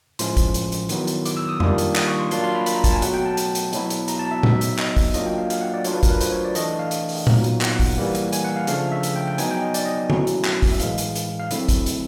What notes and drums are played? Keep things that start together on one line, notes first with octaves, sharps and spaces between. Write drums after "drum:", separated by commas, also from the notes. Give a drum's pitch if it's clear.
A2 F3 G#3 C#4 C6, drum: hi-hat
drum: kick, hi-hat
drum: hi-hat
drum: hi-hat
D#3 F#3 B3 E4, drum: hi-hat
drum: hi-hat
D6, drum: hi-hat
E6
D#6
D#3 G3 A#3 D4 F4 D#6, drum: tom F2
drum: hi-hat
D#6, drum: clap
C#6
C6
F#3 A#3 D4 F4 C6, drum: hi-hat
C6
B5
B5, drum: hi-hat
A#5
A5, drum: kick, hi-hat
G#5
B2 F#3 A3 F#5, drum: hi-hat
G5
A5
drum: hi-hat
drum: hi-hat
B2 F#3 B3 E4, drum: hi-hat
drum: hi-hat
A#5, drum: hi-hat
A5
E5
F#3 B3 D#4 E5, drum: tom
drum: hi-hat
D#5, drum: clap
drum: kick, open hi-hat
F#3 A#3 D4 F4 D#5, drum: hi-hat
G5
F5
F5, drum: hi-hat
F#5
D5
F#3 A3 D4 F4 C#5, drum: hi-hat
B4
A#4, drum: kick, hi-hat
B4
C5, drum: hi-hat
C#5
D5
E3 A3 D4 D#5, drum: hi-hat
F5
drum: hi-hat
drum: open hi-hat
A#2 F#3 B3 D#4, drum: tom A#2
drum: hi-hat
F#5, drum: clap
drum: kick, open hi-hat
E3 G3 A#3
drum: hi-hat
G#5, drum: hi-hat
F#5
F5
C#3 F3 A3 D4 F5, drum: hi-hat
E5
drum: hi-hat
G5
G5
F#3 B3 D#4 G#5, drum: hi-hat
G5
D#5
D5, drum: hi-hat
D#5
B2 F#3 A3 C#4 E4, drum: tom
drum: hi-hat
drum: clap
drum: kick, open hi-hat
E5
A2 E3 G#3 F5, drum: hi-hat
drum: hi-hat
drum: hi-hat
F5
D3 F#3 A3 C4 E4 E5, drum: hi-hat
drum: kick, hi-hat
drum: hi-hat